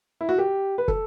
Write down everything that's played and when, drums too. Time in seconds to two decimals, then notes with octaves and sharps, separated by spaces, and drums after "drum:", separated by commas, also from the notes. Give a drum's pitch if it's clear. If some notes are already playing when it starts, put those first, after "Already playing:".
0.21 E4
0.29 F#4
0.38 G4
0.78 B4
0.88 A4, drum: kick